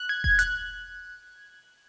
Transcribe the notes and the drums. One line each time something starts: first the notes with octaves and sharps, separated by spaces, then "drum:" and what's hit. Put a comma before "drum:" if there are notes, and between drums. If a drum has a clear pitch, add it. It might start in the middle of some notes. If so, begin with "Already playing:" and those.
Already playing: F#6
G#6
G#6, drum: kick F1
F#6, drum: hi-hat